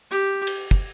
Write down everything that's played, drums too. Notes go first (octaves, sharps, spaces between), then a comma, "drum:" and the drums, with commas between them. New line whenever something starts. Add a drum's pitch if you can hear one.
G4
drum: cymbal
drum: kick